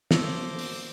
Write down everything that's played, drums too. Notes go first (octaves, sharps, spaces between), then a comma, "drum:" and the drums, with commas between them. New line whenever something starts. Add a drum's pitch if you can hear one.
A#3 F#4 C5 A5 D6 E6 A#6, drum: snare
drum: open hi-hat